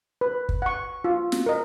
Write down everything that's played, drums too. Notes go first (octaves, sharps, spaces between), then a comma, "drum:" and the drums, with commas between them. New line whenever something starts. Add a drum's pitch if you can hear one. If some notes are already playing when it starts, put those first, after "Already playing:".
B4
drum: kick
F#5 C#6
F4
drum: snare
A#4 D#5